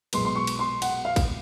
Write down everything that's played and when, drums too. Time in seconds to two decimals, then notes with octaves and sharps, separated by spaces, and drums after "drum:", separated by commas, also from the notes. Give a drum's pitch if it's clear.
0.13 B1 B2 G#3 B3 C6, drum: cymbal
0.25 C6
0.35 C#6
0.47 drum: cymbal
0.59 C6
0.82 F#5, drum: cymbal
1.05 F5
1.16 drum: kick, cymbal